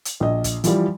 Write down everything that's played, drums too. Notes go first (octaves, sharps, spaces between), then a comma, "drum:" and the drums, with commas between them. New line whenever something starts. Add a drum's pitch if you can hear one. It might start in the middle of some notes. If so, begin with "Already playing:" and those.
drum: hi-hat
A#1 D#5
drum: kick, hi-hat
E3 F3 G3, drum: hi-hat